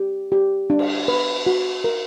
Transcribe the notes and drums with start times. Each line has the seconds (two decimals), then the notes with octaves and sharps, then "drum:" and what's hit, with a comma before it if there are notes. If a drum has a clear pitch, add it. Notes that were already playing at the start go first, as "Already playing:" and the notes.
Already playing: G4
0.32 G4
0.70 D4
0.79 drum: cymbal
1.08 B4
1.46 F#4
1.84 A#4